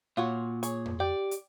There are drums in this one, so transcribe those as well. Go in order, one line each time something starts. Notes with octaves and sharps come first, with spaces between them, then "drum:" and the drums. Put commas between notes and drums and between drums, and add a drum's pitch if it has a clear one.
A#2 F4 F#4 C#5
G#4 C#5, drum: hi-hat
drum: tom F2
G4 D5 G5
drum: hi-hat